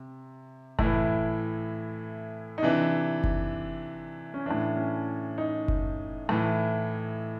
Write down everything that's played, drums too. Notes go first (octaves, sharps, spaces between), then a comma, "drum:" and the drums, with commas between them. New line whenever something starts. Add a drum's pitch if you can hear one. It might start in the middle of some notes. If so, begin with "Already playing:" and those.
Already playing: C3
A2 E3 E4, drum: kick F#1
D#4
C3 E3 D4
drum: kick F#1
C#4
A2 E3 D4
C#4
D#4
drum: kick F#1
A2 E3